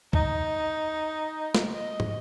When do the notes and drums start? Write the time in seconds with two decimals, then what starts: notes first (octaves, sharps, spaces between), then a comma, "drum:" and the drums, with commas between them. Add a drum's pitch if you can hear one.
0.13 D#4, drum: kick C2
1.55 drum: snare
1.75 D#5
2.00 drum: tom